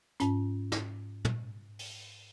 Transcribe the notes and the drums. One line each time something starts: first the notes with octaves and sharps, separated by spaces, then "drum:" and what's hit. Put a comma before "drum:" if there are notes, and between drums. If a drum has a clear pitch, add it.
G#2 C#4, drum: hi-hat
drum: snare
drum: tom
drum: open hi-hat